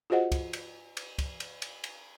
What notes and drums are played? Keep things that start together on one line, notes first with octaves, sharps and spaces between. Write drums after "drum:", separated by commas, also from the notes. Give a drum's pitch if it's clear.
F4 F#4 G#4 C5 D#5 F#5
drum: kick, cymbal
drum: cymbal
drum: cymbal
drum: kick, cymbal
drum: cymbal
drum: cymbal
drum: cymbal